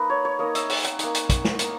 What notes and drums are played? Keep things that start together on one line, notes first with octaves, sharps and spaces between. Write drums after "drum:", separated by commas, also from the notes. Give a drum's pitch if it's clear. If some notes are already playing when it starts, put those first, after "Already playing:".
Already playing: A#3 D#4 B4
C#5
C#5
A#3 D#4 D#5
E5, drum: hi-hat
F#5, drum: open hi-hat
F#5, drum: hi-hat
A#3 D#4, drum: hi-hat
drum: hi-hat
drum: kick, hi-hat
drum: snare
A#3 D#4, drum: hi-hat